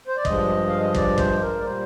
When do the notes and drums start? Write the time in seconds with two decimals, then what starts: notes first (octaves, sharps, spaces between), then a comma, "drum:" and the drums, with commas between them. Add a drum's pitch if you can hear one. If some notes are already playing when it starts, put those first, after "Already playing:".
0.07 C5
0.17 D5
0.25 G2 F3 G#3 D#5, drum: kick
0.69 F5
0.81 D#5
0.95 D5, drum: kick
1.18 C5, drum: kick
1.41 A#4
1.60 D5
1.64 A#2 G3 A#3 C5